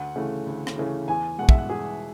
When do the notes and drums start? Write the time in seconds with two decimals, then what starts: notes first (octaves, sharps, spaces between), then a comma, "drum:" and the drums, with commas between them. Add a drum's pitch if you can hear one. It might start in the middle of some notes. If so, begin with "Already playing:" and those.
Already playing: D2 F#5
0.16 C#3 E3 A3
0.47 D2
0.67 drum: rim click
0.78 C#3 E3 A3
1.08 E2 G#5
1.38 B2 G#3 F#5
1.49 E5, drum: kick
1.58 F#5
1.69 E2 G#4